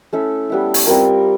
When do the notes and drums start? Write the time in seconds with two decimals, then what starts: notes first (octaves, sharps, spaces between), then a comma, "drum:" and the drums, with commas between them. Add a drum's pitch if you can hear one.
0.13 A3 C#4 E4 A4
0.50 G3 B3 E4
0.74 drum: open hi-hat
0.87 G3 C4 F4 A#4